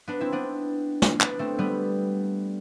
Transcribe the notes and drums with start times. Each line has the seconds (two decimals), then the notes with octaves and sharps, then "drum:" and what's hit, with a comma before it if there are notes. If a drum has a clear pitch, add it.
0.08 B3 D4
0.20 C4 E4
0.32 B3 D4
1.02 drum: snare
1.21 B3 D4, drum: clap
1.39 A3 C4
1.59 G3 B3